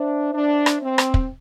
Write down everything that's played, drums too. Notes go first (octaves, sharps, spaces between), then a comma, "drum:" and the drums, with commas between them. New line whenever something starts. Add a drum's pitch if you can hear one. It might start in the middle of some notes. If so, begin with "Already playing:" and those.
Already playing: D4 C5 E5
D4
drum: rim click
C4
drum: rim click
drum: kick